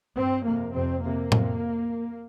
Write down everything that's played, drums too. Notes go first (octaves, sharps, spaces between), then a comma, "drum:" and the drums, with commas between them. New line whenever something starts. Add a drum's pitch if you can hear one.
G2 C4
F2 C3 A#3
F2 C3 C4
F2 C3 A#3
F2 C3, drum: tom A2